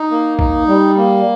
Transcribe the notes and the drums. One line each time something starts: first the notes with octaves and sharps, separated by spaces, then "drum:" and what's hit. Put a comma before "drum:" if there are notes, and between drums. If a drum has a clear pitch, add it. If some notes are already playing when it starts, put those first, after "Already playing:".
Already playing: D#4
A#3
D#4, drum: kick A#1
G3
A#3